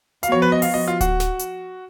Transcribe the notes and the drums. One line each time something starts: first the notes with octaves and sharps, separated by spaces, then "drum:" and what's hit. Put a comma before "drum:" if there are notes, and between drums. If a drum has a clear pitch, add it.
F3 B3 F#4 F5, drum: hi-hat
C#5
B4
D#5
F5, drum: open hi-hat
D#5
F4
F#4, drum: kick D1, hi-hat
drum: snare
drum: hi-hat